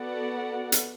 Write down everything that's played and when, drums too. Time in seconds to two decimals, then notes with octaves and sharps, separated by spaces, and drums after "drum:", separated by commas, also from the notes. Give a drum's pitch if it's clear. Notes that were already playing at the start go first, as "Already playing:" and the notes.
Already playing: B3 F#4 A4 D5 F#5
0.72 drum: hi-hat